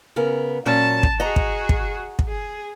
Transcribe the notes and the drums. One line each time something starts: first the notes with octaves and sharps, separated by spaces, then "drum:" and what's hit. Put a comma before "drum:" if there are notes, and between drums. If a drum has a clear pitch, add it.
C#3 B3 A#4
A#2 F#3 C#4 A5
drum: kick
F#4 G#4 D#5 F#5 A#5
drum: kick
drum: kick
drum: kick
G#4